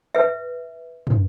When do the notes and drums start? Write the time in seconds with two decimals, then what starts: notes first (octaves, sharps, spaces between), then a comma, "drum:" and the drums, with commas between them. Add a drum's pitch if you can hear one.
0.15 B4 E5
1.07 drum: tom